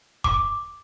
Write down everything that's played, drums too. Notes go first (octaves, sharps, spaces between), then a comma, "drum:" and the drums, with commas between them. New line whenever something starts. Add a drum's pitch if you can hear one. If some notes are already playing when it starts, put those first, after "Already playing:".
D6, drum: kick